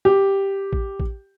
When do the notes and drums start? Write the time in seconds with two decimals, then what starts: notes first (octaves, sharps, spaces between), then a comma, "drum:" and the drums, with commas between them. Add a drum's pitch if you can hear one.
0.05 G4
0.73 drum: kick A1
1.00 drum: kick A1